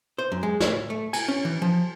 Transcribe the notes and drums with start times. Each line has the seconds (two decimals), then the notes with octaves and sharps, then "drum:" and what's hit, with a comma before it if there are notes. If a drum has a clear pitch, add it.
0.18 C5
0.32 F#2
0.43 G#3
0.60 C#5, drum: snare
0.90 A3
1.13 G#5, drum: cymbal
1.28 C#4
1.45 E3
1.62 F3